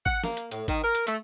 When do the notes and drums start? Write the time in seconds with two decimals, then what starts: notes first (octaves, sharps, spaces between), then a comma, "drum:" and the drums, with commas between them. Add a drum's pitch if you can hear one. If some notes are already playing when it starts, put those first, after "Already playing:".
0.06 F#5, drum: kick G#1
0.24 A#3, drum: snare
0.37 drum: hi-hat
0.51 A2, drum: hi-hat
0.68 D#3, drum: kick G#1, hi-hat
0.83 A#4
0.95 drum: hi-hat
1.07 A3, drum: hi-hat